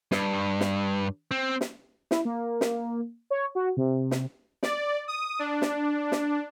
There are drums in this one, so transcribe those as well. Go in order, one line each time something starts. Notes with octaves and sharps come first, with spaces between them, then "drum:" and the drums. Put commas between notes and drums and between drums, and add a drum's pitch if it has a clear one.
G2, drum: snare
drum: snare
C4
drum: snare
E4, drum: snare
A#3
drum: snare
C#5
F#4
C3
drum: snare
D5, drum: snare
D#6
D4
drum: snare
drum: snare